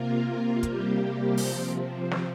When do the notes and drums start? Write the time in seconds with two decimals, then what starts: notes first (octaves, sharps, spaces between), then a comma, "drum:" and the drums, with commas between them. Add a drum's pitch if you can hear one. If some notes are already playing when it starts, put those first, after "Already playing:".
Already playing: C3 A#3 F4 A#4
0.63 C3 G3 A#3 G4, drum: kick, hi-hat
1.37 C3 F3 C4, drum: open hi-hat
2.11 drum: snare